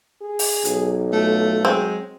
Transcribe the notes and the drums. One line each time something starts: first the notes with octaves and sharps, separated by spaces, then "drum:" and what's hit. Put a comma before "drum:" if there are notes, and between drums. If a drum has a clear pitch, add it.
G#4
drum: open hi-hat
B1, drum: hi-hat
A3 F4
F#3 G#3 C4